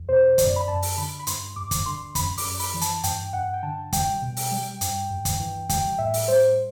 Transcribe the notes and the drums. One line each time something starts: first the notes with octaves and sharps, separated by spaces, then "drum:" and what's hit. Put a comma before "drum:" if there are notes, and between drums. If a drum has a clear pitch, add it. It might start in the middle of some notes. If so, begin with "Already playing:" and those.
Already playing: E2
B2 C5
F#2 D5, drum: kick, hi-hat
B5
F#2 A5
drum: open hi-hat
D3 B5
B5
G2 C6, drum: hi-hat
G2 D6
drum: kick, hi-hat
D3 C6
F#2 B5, drum: kick, hi-hat
D6, drum: open hi-hat
F#2
B5, drum: open hi-hat
E3
A5, drum: hi-hat
G2 G5, drum: hi-hat
G2 F#5
G5
D3 A5
G3 G5, drum: kick, hi-hat
B2
drum: open hi-hat
G3
G2, drum: hi-hat
G2
drum: kick, hi-hat
E3
G3 G5, drum: kick, hi-hat
A2 E5
drum: open hi-hat
G3 C5